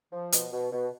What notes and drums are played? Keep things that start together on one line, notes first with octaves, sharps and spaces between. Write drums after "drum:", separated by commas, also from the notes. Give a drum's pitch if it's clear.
F3
B2, drum: hi-hat
B2
B2